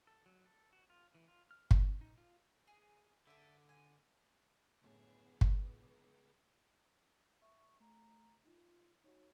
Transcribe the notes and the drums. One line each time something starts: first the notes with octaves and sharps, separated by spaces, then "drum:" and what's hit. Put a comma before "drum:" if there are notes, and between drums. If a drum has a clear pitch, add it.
A4
F#3
A4
F#4
F4
E3
F4
F6
C#4, drum: kick G1
D#4
F4
G#4
D3 A4 E5
G#5
C#2 F#2 A2 D3 B3 G#4
drum: kick G1
E5 C#6
A3 A#5
D#4 F4
D#4 F#4 C#5